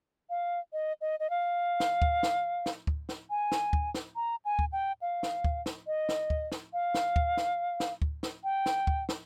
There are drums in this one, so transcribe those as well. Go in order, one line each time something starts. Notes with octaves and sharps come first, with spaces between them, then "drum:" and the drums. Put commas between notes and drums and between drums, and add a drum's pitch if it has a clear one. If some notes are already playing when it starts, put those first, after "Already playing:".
F5
D#5
D#5
D#5
F5
drum: snare
drum: kick D2
drum: snare
drum: snare
drum: kick D2
drum: snare
G#5
drum: snare
drum: kick D2
drum: snare
A#5
G#5
drum: kick D2
G5
F5
drum: snare
drum: kick D2
drum: snare
D#5
drum: snare
drum: kick D2
drum: snare
F5
drum: snare
drum: kick D2
drum: snare
drum: snare
drum: kick D2
drum: snare
G5
drum: snare
drum: kick D2
drum: snare